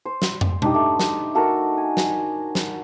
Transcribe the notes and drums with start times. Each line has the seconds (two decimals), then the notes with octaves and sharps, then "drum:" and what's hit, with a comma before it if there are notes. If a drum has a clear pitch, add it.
0.05 C5
0.22 drum: snare
0.41 drum: tom
0.62 D4 D#4 G4, drum: tom B2
0.74 A3
1.00 drum: snare
1.35 A3 F#4 A4 A#4
1.77 G#5
1.97 drum: snare
2.55 drum: snare